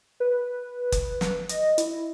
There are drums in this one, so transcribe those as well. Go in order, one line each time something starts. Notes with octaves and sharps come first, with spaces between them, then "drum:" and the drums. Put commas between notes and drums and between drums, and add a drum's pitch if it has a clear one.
B4
drum: kick F#1, hi-hat
drum: snare
D#5, drum: hi-hat
E4, drum: hi-hat